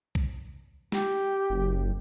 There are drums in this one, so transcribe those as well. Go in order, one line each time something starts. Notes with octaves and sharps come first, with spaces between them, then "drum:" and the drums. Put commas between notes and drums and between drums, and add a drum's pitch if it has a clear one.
drum: kick B1
G4, drum: snare
F#1